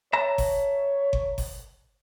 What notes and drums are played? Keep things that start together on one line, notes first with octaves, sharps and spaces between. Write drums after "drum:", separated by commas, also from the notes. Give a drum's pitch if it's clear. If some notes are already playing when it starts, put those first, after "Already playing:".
C#5 E5 A5 A#5
drum: kick G1, open hi-hat
drum: kick G1
drum: kick G1, open hi-hat